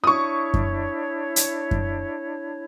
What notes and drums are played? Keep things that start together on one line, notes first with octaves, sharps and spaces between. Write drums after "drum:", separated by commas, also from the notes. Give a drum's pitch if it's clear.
D4 E4 C#5 C#6 D#6
drum: kick F#2
drum: hi-hat
drum: kick F#2